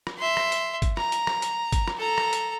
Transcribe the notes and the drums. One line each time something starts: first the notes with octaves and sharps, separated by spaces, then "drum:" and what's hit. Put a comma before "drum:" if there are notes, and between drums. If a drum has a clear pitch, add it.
drum: rim click
E5 C6
drum: rim click
drum: hi-hat
drum: kick, hi-hat
A#5, drum: rim click
drum: hi-hat
drum: rim click
drum: hi-hat
drum: kick, hi-hat
drum: rim click
A4 A#5
drum: rim click
drum: hi-hat